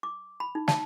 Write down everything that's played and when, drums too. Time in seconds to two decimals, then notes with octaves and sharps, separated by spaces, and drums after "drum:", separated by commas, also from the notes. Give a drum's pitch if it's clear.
0.03 D6
0.40 B5
0.55 D#4
0.68 A5, drum: snare